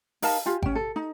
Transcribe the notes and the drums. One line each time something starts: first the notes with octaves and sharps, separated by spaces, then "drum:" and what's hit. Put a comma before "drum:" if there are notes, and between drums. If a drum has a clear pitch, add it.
D#4 A#4 F5 A5, drum: open hi-hat
F4 G4 G#5
C#4 G5, drum: kick G#1
A4
D#4